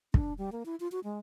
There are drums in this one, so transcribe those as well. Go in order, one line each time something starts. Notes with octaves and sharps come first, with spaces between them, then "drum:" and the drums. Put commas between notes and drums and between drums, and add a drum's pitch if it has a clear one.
D4, drum: kick
G3
A#3
E4
F4
F#4
G#3